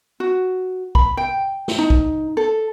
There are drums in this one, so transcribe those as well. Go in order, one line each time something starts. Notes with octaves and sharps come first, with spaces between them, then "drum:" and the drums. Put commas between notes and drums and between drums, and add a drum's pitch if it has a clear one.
F#4
B5, drum: kick A#1
G5
drum: snare
D#4
drum: kick A#1
A4